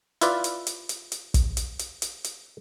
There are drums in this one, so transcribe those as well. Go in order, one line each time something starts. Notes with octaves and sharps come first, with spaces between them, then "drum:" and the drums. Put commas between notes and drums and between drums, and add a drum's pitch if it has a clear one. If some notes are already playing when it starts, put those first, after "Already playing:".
E4 F4 B4 D5, drum: hi-hat
drum: hi-hat
drum: hi-hat
drum: hi-hat
drum: hi-hat
drum: kick, hi-hat
drum: hi-hat
drum: hi-hat
drum: hi-hat
drum: hi-hat